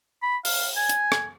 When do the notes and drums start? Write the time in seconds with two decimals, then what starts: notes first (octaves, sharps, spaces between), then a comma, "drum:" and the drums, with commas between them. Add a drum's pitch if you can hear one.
0.23 B5
0.45 F5, drum: open hi-hat
0.77 G#5
0.89 drum: hi-hat
1.12 drum: rim click